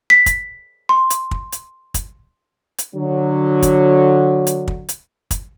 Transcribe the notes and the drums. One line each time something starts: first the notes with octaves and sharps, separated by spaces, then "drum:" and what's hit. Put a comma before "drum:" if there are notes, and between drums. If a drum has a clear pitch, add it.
B6
drum: kick, hi-hat
C6
drum: hi-hat
drum: kick
drum: hi-hat
drum: kick, hi-hat
drum: hi-hat
D3 F#3
drum: kick, hi-hat
drum: hi-hat
drum: kick
drum: hi-hat
drum: kick, hi-hat